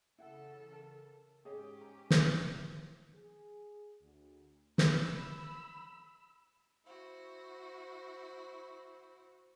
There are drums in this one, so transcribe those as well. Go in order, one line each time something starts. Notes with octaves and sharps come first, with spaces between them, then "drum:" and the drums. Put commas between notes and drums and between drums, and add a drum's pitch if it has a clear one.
C#3 E3 E4 A4 F#5
A#4 A5
G#2 C#4 G4 G#4 C#5 D#5
A#5
drum: snare
A2 F3
G#4
D2
B5 E6, drum: snare
E4 F#4 C5